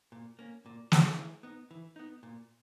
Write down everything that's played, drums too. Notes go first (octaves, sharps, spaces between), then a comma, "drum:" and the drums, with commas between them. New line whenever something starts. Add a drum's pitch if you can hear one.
A#2
A#3 C#4
A#2
A#3 C#4, drum: snare
E3
B3 D#4
E3
B3 D#4
A#2